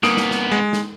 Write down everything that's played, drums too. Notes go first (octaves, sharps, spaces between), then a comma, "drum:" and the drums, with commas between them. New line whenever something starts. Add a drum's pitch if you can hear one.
C2 A#3 B3 D#6 D7, drum: snare
drum: snare
drum: snare
G#3
drum: snare